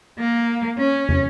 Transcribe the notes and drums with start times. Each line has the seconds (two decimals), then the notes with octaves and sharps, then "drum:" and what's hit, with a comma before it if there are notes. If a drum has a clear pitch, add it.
0.19 A#3
0.78 C#4
1.09 drum: tom